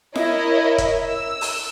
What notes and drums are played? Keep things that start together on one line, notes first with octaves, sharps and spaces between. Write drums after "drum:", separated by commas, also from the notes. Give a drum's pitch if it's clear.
E4 A#4 C#5 D#5 E5, drum: snare F4
drum: kick, hi-hat
E6
drum: open hi-hat